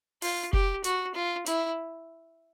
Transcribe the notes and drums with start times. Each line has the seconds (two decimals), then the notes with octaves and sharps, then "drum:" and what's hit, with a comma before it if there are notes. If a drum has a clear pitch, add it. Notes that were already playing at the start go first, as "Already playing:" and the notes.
0.22 F4, drum: open hi-hat
0.53 G4, drum: kick F1
0.84 F#4, drum: hi-hat
1.15 F4
1.46 E4, drum: hi-hat